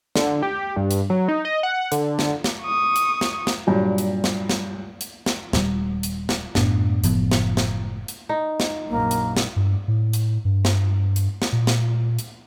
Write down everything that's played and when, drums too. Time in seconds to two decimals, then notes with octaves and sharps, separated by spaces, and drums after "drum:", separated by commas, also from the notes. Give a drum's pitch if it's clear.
0.16 D3, drum: snare
0.43 G4
0.76 G2
0.91 drum: hi-hat
1.10 F#3
1.28 D#4
1.45 D#5
1.63 F#5
1.92 D3, drum: hi-hat
2.19 drum: snare
2.44 drum: snare
2.63 C#6 D#6
2.96 drum: hi-hat
3.21 drum: snare
3.47 drum: snare
3.67 G2 A#2 F#3
3.98 drum: hi-hat
4.24 drum: snare
4.49 drum: snare
5.01 drum: hi-hat
5.26 drum: snare
5.53 D#1 G3, drum: snare
6.03 drum: hi-hat
6.29 drum: snare
6.55 F#2 A2 B3 D4, drum: snare
7.04 F#1 A2 F3 B3, drum: hi-hat
7.31 drum: snare
7.57 drum: snare
8.08 drum: hi-hat
8.29 D#4
8.60 drum: snare
8.89 A#1 F#2 A#3
9.11 drum: hi-hat
9.37 drum: snare
9.56 G2
9.88 A2
10.13 drum: hi-hat
10.45 G2
10.65 drum: snare
11.16 drum: hi-hat
11.42 drum: snare
11.52 A#2
11.67 drum: snare
12.19 drum: hi-hat